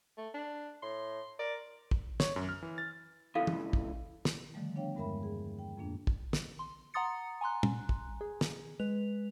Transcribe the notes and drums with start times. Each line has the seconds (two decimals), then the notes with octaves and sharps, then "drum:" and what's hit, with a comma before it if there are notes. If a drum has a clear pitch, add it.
0.18 A3
0.34 D4
0.83 A2 C6
1.39 A#4 D5
1.91 drum: kick
2.20 C#5, drum: snare
2.36 F#2
2.49 F6
2.62 E3
2.78 A6
3.35 C#2 E3 A4 F5
3.47 drum: tom
3.73 drum: kick
4.25 drum: snare
4.54 D3 D#3 F3 G3 A3
4.75 B3 D4 C#5 F5 G5
4.95 E2 G2 G#3 A#4 E5 B5
5.23 G#4
5.59 G5
5.77 F2 A2 A#3 D4
6.07 drum: kick
6.33 drum: snare
6.59 C6
6.94 F#5 A#5 C6 D#6 A6 C#7
7.41 G#5 A#5 C6 F#6
7.63 drum: tom
7.89 drum: kick
8.21 G#4
8.41 drum: snare
8.80 G#3 B4 F7